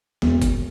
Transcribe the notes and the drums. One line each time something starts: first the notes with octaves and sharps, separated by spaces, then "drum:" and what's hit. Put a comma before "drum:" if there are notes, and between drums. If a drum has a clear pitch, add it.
E1, drum: snare
drum: kick, hi-hat